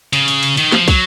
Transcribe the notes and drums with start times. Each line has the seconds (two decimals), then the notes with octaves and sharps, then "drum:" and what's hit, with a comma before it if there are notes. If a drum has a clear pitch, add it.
0.13 C#3, drum: cymbal
0.28 drum: cymbal
0.43 drum: cymbal
0.57 D#3, drum: cymbal
0.72 F3, drum: snare
0.88 F#3, drum: kick, cymbal